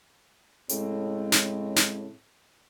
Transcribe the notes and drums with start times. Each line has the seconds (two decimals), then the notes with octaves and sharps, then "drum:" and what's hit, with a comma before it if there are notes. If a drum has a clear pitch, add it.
0.69 A2 C#3 G#3 C4, drum: hi-hat
1.32 drum: snare
1.76 drum: snare